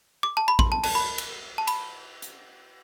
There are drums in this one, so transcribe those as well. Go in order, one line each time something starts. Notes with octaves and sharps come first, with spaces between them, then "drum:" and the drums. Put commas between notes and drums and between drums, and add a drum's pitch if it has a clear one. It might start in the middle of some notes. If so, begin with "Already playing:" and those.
D6
A5
B5
C6, drum: kick
A5
A5, drum: cymbal
B5
drum: cymbal
A5
B5, drum: cymbal
drum: hi-hat